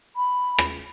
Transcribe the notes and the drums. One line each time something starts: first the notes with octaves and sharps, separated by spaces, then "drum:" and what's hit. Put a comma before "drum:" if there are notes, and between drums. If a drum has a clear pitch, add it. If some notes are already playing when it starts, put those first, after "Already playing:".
B5
drum: rim click